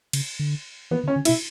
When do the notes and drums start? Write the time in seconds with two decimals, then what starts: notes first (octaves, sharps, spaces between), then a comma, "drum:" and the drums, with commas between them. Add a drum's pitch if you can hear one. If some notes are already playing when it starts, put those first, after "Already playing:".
0.13 C#3, drum: cymbal
0.39 D3
0.91 E3 B3
1.03 D3
1.08 C#4
1.16 D3
1.25 E4, drum: cymbal
1.29 B2